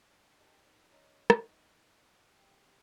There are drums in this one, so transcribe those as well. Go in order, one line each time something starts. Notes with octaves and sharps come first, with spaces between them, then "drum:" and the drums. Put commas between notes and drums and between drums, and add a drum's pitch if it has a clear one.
D4
F2 D#4 G4 A#4 A5
E2 D#3 F3
D3 D4 F4 C#5 D#5 A#5
D#4, drum: rim click
C3 G4